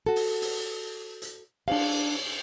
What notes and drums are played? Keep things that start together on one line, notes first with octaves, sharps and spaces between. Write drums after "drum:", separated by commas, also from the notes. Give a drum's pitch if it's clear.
F#4 A4
drum: open hi-hat
drum: open hi-hat
drum: hi-hat
D4 F5, drum: cymbal